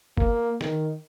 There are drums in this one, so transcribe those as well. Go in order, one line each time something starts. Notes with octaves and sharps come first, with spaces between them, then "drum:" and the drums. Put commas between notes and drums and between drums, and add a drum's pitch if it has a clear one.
A#3, drum: kick
D#3, drum: snare